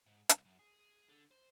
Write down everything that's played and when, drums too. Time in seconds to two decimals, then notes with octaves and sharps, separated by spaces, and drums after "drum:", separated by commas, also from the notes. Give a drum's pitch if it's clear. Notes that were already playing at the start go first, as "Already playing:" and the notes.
0.07 G#2
0.29 C2, drum: hi-hat
0.45 F#2
0.59 G#4
1.09 D3
1.31 C5